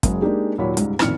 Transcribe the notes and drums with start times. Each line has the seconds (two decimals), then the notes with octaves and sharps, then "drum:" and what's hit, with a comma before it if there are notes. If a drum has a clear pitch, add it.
0.03 F#1 F#3 G#3 G#4, drum: kick, hi-hat
0.21 G#3 A#3 D4 D#4 G4 G#4
0.58 D#2 A#2 F#3 C#5 B5
0.77 C#2 G#2 G3, drum: hi-hat
0.99 A1 F2 A#2 D#3 F6 C#7, drum: rim click